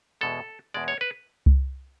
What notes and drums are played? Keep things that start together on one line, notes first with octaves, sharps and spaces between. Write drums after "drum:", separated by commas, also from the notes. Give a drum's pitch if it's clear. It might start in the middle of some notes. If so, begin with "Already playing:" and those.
E2 B2 G#3 A4
E2 B2 G#3 D5
C#5
B4
drum: kick C2